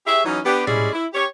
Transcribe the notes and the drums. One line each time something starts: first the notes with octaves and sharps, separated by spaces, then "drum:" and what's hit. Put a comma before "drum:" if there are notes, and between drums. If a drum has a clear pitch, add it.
G4 G#4 C#5 E5
E3 F#3 C#4 D#4
B3 D4 G4
G3 G#3 C#4 E4 G#4 D5, drum: tom A2
E4
G4 C#5